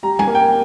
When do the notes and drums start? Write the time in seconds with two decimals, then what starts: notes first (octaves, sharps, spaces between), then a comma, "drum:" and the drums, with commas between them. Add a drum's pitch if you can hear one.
0.03 G3 A#5
0.19 G#5, drum: tom G3
0.27 A#3
0.35 G5